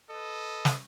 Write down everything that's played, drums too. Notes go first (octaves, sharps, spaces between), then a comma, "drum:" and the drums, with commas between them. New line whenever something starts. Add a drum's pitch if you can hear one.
A4 B4 D#5
drum: snare